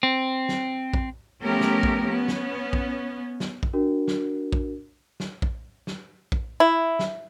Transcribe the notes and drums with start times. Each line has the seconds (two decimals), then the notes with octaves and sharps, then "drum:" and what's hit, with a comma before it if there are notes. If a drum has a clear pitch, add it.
0.03 C4
0.49 drum: snare
0.94 drum: kick A#1
1.42 F3 A3 B3 C#4 G4 A#4
1.61 drum: snare
1.83 drum: kick A#1
2.06 B3 C#4
2.28 drum: snare
2.73 drum: kick A#1
3.40 drum: snare
3.63 drum: kick A#1
3.73 D4 F#4 A#4
4.08 drum: snare
4.53 drum: kick A#1
5.20 drum: snare
5.42 drum: kick A#1
5.87 drum: snare
6.32 drum: kick A#1
6.60 E4
6.99 drum: snare